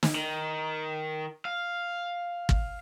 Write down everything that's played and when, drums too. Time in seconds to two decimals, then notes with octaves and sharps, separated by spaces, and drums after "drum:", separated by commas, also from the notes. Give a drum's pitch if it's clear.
0.03 drum: snare
0.15 D#3
1.45 F5
2.49 drum: kick